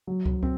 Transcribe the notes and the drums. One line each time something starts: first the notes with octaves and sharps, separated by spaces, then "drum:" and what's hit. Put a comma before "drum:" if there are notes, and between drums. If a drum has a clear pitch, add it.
F#3
drum: kick
C4, drum: kick